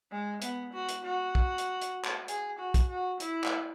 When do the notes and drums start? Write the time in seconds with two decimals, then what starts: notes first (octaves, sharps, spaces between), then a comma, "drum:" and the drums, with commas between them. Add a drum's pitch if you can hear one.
0.12 G#3
0.42 B3, drum: hi-hat
0.73 F#4
0.89 drum: hi-hat
1.04 F#4
1.35 drum: kick
1.58 drum: hi-hat
1.81 drum: hi-hat
2.05 drum: clap
2.28 G#4, drum: hi-hat
2.59 F#4
2.74 drum: kick, hi-hat
2.89 F#4
3.20 E4, drum: hi-hat
3.44 drum: clap